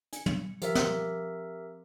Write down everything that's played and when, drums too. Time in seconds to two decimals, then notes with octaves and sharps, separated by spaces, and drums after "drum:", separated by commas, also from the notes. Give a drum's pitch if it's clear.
0.13 G#5 C#7, drum: hi-hat
0.26 drum: tom
0.62 F3 G4 A#4 C5 E5 F5, drum: hi-hat
0.75 F3 C4, drum: snare